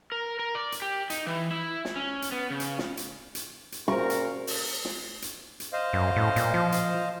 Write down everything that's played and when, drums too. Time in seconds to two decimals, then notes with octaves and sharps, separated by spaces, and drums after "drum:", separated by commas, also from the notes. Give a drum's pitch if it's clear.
0.12 A#4
0.39 A#4
0.55 D5
0.72 drum: hi-hat
0.82 G4
1.10 D#4, drum: hi-hat
1.26 E3
1.51 E4
1.85 drum: snare
1.96 C#4
2.22 drum: hi-hat
2.32 B3
2.50 C#3
2.60 drum: hi-hat
2.78 drum: snare
2.97 drum: hi-hat
3.35 drum: hi-hat
3.72 drum: hi-hat
3.88 A#2 C#4 F#4 A#4 C5 C#6
4.10 drum: hi-hat
4.47 drum: open hi-hat
4.85 drum: snare
5.22 drum: hi-hat
5.60 drum: hi-hat
5.73 C5 D#5 F5
5.93 F#2
6.16 A2
6.36 A#2, drum: hi-hat
6.54 F3
6.72 drum: hi-hat